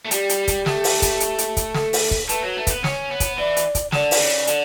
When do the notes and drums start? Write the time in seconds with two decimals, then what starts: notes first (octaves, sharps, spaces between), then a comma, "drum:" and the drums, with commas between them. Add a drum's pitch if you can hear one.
0.05 A3
0.11 G3 G4, drum: hi-hat
0.29 drum: hi-hat
0.48 drum: kick, hi-hat
0.66 A3, drum: snare
0.84 drum: open hi-hat
1.02 drum: kick, hi-hat
1.20 drum: hi-hat
1.38 drum: hi-hat
1.57 drum: kick, hi-hat
1.74 A4, drum: snare
1.93 drum: open hi-hat
2.11 drum: kick
2.29 A3 B4, drum: hi-hat
2.43 F#3
2.57 A3
2.67 C#4, drum: kick, hi-hat
2.70 B3
2.84 C#4 C#5, drum: snare
3.11 B3
3.20 drum: kick, hi-hat
3.38 E3 D5
3.57 drum: hi-hat
3.75 drum: kick, hi-hat
3.92 D3 D5, drum: snare
4.11 drum: open hi-hat
4.21 C#3
4.47 D3, drum: hi-hat